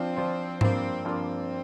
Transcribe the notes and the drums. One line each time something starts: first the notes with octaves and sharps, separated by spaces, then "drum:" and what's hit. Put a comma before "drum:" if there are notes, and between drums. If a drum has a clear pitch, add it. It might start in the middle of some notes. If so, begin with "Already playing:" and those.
Already playing: F3 C4 D4 F4 C5
F3 D4 F4 C5
G2 F3 A#3 C4 D4 F4, drum: tom G#2
G2 F3 A#3 C4 D4 F4